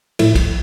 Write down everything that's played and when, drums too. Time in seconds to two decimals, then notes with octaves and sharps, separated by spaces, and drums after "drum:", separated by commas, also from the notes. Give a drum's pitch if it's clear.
0.19 A2 F3 A3 E4, drum: cymbal
0.35 drum: kick, cymbal